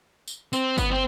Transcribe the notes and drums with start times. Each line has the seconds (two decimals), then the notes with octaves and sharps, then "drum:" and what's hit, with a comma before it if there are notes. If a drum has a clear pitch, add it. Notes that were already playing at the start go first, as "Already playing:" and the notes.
0.28 drum: tambourine
0.53 C4, drum: tambourine
0.78 B3, drum: kick G1, tambourine
0.91 C4